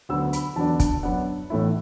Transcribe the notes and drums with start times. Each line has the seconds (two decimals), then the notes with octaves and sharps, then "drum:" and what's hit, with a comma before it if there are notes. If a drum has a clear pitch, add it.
0.09 D2 D3 F#3 B3 E6
0.33 B5, drum: hi-hat
0.56 E2 D3 F#3 B3 D4 A5
0.80 A5, drum: kick, hi-hat
1.03 F#2 F#3 B3 D4 F#5
1.50 A1 A2 E3 A3 E4